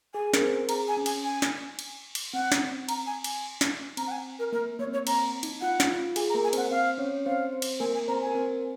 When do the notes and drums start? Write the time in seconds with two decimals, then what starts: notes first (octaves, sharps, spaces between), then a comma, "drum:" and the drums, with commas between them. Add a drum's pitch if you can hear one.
0.14 G#4 G#5
0.34 A#4, drum: snare
0.42 C4 C5
0.69 G#4 A#5, drum: cymbal
0.88 G#5
0.97 C#4
1.06 G#5, drum: cymbal
1.24 G#5
1.42 drum: snare
1.79 drum: cymbal
2.15 drum: cymbal
2.33 C4 F#5
2.52 drum: snare
2.61 C4
2.89 A#5, drum: cymbal
3.07 G#5
3.24 G#5, drum: cymbal
3.61 drum: snare
3.97 C4 A#5, drum: cymbal
4.07 F#5
4.11 G#5
4.39 A#4
4.52 A#3 A#4
4.79 A#3 C#5
4.87 C4
4.93 A#3 C#5
5.07 C4 A#5, drum: cymbal
5.43 D#4, drum: cymbal
5.61 F4 F#5
5.80 drum: snare
5.89 F4
6.16 G#4 G#5, drum: cymbal
6.30 A#5
6.34 A#3 A#4
6.44 G#5
6.53 C4 C5, drum: cymbal
6.57 F#5
6.71 C4 C5 F5
6.98 C#4 C#5
7.26 C4 C5 F5
7.53 C4 C5
7.62 drum: cymbal
7.80 A#3 A#4 G#5
7.94 G#5
8.08 C4 C5 A#5
8.22 G#5
8.27 A#4
8.35 C4 C5